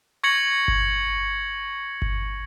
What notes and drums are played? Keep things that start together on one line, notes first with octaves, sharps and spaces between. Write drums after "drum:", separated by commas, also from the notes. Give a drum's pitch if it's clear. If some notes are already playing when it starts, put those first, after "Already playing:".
C#6 G#6 A#6 C#7 F#7
drum: kick G1
drum: kick G1